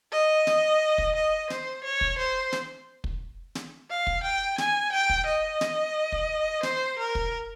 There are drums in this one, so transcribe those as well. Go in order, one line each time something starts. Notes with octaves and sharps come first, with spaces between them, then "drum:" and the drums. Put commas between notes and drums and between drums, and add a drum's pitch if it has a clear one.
D#5
drum: snare
drum: kick
D#5
C5, drum: snare
C#5
drum: kick
C5
drum: snare
drum: kick
drum: snare
F5
drum: kick
G5
G#5, drum: snare
G5
drum: kick
D#5
drum: snare
drum: kick
C5, drum: snare
A#4
drum: kick